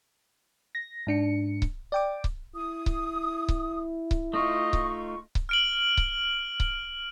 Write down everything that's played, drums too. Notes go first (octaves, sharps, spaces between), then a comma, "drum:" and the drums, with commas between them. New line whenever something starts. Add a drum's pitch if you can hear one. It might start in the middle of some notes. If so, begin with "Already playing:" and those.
A#6
G#2 D4 C#7
drum: kick C#1
D5 G5 D6
drum: kick C#1
E4 D#6
drum: kick C#1
drum: kick C#1
drum: kick C#1
A3 D#4 F4 D#5 C#6
drum: kick C#1
drum: kick C#1
F6 D7 F#7
drum: kick C#1
drum: kick C#1